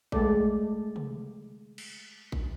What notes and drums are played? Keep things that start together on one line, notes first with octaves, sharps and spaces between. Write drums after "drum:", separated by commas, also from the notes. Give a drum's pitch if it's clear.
G#3 A3 A4 D5, drum: kick A1
drum: tom C3
drum: cymbal
drum: kick A1